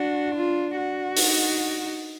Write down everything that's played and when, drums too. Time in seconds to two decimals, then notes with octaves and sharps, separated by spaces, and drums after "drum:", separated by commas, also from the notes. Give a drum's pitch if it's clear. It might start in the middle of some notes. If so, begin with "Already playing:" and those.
Already playing: D4 F#4
0.35 F4
0.77 F#4
1.16 D#4, drum: open hi-hat